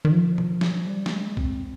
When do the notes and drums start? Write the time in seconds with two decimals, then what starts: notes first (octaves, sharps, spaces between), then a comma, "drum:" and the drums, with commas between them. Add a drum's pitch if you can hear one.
0.05 D#3
0.12 F3
0.38 drum: tom B2
0.61 drum: snare
0.87 G3
1.06 A#3, drum: snare
1.12 G#3
1.37 C4, drum: kick